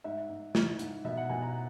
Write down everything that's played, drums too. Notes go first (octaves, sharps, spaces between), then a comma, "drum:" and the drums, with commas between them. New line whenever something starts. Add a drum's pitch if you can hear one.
G#2 E5
G#2
E3, drum: snare
G#2, drum: hi-hat
B2 E5
F#5
B2 G#5
A#5